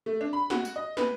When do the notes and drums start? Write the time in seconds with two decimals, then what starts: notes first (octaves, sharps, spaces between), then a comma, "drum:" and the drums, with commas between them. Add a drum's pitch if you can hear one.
0.06 A3
0.21 D4
0.33 B5
0.50 F#4, drum: snare
0.65 drum: tambourine
0.76 D#5
0.97 B4, drum: snare